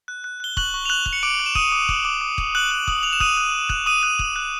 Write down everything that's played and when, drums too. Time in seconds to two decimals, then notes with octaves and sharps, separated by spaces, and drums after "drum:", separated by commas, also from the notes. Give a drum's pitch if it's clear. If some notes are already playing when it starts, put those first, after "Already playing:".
0.08 F#6
0.24 F#6
0.40 F#6 G7
0.57 C#6 F#6 F#7, drum: kick
0.74 C#6
0.85 F7
0.89 C#6 F#6 F#7
1.06 F#6, drum: kick
1.13 C#7
1.23 D6 F#6 D7
1.39 F#6
1.46 E7
1.55 D6 D#6 D#7, drum: kick
1.72 D6
1.89 D6, drum: kick
2.05 D6
2.21 D6
2.38 D6, drum: kick
2.55 D#6 F#6 F#7
2.71 F#6
2.88 D#6, drum: kick
3.03 D#6 F7
3.13 E7
3.20 D#6 F#6 D#7, drum: kick
3.37 F#6
3.54 D#6
3.69 F#6, drum: kick
3.86 D6 D#6 D#7
4.03 F#6
4.19 F#6, drum: kick
4.36 F#6